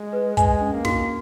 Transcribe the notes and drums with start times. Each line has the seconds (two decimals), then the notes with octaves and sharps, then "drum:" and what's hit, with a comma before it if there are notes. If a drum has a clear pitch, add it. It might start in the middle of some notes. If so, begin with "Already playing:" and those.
Already playing: G#3
0.13 B4
0.37 G#3 G#5, drum: kick, hi-hat
0.61 C#4
0.73 A#3
0.85 F#4, drum: snare